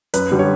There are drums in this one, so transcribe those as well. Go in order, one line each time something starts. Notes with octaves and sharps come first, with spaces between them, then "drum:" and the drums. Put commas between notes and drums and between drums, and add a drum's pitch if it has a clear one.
F#2 B4, drum: hi-hat
D3 G3
C#5